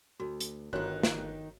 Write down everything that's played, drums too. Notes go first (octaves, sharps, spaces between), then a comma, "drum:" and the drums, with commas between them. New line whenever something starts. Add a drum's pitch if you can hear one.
D2 F#4
drum: hi-hat
G1 D#3 D#4 F#4 C#5 F#6
drum: snare